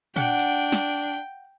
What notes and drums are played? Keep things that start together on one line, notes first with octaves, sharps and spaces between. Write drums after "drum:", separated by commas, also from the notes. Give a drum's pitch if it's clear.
D4 F#5 G5, drum: tom A#2
drum: hi-hat
drum: snare